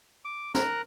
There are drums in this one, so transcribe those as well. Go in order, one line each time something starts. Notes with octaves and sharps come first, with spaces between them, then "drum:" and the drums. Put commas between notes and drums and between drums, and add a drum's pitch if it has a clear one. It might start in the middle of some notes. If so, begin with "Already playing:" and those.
D6
A#4 A#5 F#6, drum: snare